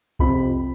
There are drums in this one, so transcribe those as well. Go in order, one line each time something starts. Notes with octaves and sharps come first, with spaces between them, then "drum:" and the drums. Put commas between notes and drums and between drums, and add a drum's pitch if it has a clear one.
F2 C3 F3 C4 B5, drum: kick C2